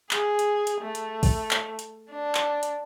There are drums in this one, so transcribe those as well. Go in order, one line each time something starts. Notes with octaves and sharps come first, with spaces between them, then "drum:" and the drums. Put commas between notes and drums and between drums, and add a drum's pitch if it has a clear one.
G#4, drum: clap
drum: hi-hat
drum: hi-hat
A3
drum: hi-hat
drum: kick, open hi-hat
drum: clap
drum: hi-hat
D4
drum: clap
drum: hi-hat